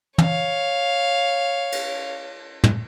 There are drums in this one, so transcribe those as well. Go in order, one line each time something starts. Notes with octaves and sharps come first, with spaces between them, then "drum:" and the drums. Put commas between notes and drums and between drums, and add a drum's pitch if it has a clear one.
C#5 F5, drum: tom
drum: cymbal
drum: tom